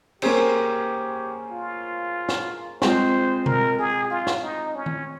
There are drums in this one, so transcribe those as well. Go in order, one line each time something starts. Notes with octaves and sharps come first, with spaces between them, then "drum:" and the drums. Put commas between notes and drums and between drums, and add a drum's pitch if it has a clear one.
A#3 C#4 G4 G#4 C5, drum: cymbal
F4
drum: snare
G#3 C4 F4 C5, drum: snare
A#4, drum: tom B2
G#4
F4
drum: snare
D#4
C#4
drum: tom D#3